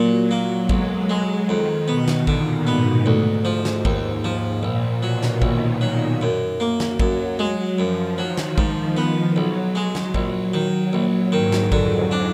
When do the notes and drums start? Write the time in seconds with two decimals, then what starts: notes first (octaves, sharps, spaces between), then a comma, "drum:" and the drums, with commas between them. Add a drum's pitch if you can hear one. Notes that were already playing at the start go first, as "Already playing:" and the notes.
Already playing: A#2 F#3
0.31 A#3
0.69 B1 G#3, drum: kick A1
1.09 F#3 G#3
1.48 F2 D#3
1.88 B2 B3
2.08 drum: snare
2.27 A#2 D3, drum: kick A1
2.67 G#2 B3
3.06 D2
3.45 F3
3.65 drum: snare
3.85 D#2, drum: kick A1
4.24 F3
4.63 A#1 A#2
5.03 B2 F#3
5.23 drum: snare
5.42 A#1 D#3, drum: kick A1
5.81 F#3
6.21 F#2
6.60 A#3
6.80 drum: snare
7.00 F#2 F#3, drum: kick A1
7.39 F#3 G#3
7.79 F#2 F3
8.18 D#3 F#3
8.38 drum: snare
8.58 G#2, drum: kick A1
8.97 B3
9.36 B1 F#3
9.75 G#3
9.95 drum: snare
10.14 A#1, drum: kick A1
10.54 D#3
10.93 A#1 F#3
11.32 G#2 D#3
11.52 drum: snare
11.72 F2 D3, drum: kick A1
12.11 D4